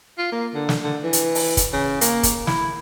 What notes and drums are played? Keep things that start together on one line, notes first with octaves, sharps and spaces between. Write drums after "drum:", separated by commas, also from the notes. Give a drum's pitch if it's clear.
F4
A#3
D3
drum: snare
D3
E3
drum: hi-hat
drum: open hi-hat
drum: kick, hi-hat
C#3
A#3, drum: hi-hat
drum: kick, hi-hat
E4, drum: snare